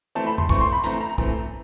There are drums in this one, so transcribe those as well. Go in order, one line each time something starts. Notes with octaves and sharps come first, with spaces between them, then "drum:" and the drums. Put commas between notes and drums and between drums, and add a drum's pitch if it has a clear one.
E3 A3 C4 A5
B5
C6, drum: tom E2
E3 A3 C4 C#6, drum: kick
C6
B5
E3 A3 C4 A#5, drum: hi-hat
A#5
E3 A3 C4, drum: kick